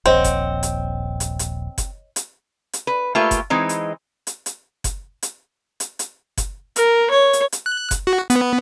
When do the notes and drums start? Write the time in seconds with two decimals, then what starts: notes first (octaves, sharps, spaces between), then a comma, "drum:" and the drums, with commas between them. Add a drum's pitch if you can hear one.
0.06 D#1 A#1 C4 C#5 D#5 F#5
0.24 drum: kick F#1, hi-hat
0.63 drum: hi-hat
1.20 drum: hi-hat
1.39 drum: hi-hat
1.78 drum: kick F#1, hi-hat
2.16 drum: hi-hat
2.73 drum: hi-hat
2.87 B4
3.15 A3 A#3 F4 G4 B4 E5
3.31 drum: kick F#1, hi-hat
3.50 E3 G#3 C4 D#4
3.69 drum: hi-hat
4.27 drum: hi-hat
4.46 drum: hi-hat
4.84 drum: kick F#1, hi-hat
5.23 drum: hi-hat
5.80 drum: hi-hat
5.99 drum: hi-hat
6.37 drum: kick F#1, hi-hat
6.76 A#4, drum: hi-hat
7.10 C#5
7.33 drum: hi-hat
7.52 drum: hi-hat
7.66 F#6
7.91 drum: kick F#1, hi-hat
8.07 F#4
8.30 B3, drum: hi-hat